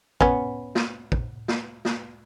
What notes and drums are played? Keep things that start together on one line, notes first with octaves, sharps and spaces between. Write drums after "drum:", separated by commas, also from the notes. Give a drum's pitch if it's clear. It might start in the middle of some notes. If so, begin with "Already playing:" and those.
B3 C#4, drum: kick
drum: snare
drum: kick
drum: snare
drum: snare